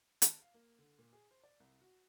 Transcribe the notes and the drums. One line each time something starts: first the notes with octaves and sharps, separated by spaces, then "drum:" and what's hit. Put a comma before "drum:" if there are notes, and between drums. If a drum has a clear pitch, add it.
A5, drum: hi-hat
F5
A#3
D3
A#2
G#4
C5
D5
C2
F#4